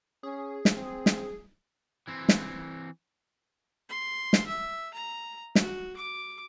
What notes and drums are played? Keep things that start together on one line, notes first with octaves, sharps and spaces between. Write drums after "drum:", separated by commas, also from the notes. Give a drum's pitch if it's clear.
C#4 G#4
drum: snare
C4
drum: snare
E3 C4
drum: snare
C6
drum: snare
E5
A#5
F#4, drum: snare
D6